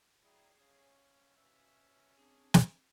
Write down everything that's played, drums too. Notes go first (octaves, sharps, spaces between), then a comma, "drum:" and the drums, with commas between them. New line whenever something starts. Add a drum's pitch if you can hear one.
F#3 E4 G#4 D5 G5 A#5
C#4 C#5 F5
B2 C#4 B4 E5
C4 D4 G#4 A5
drum: snare